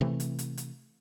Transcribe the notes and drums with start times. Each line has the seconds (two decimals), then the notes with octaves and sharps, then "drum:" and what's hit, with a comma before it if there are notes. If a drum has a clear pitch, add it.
0.01 C3 E3 A3
0.20 drum: hi-hat
0.39 drum: hi-hat
0.57 drum: hi-hat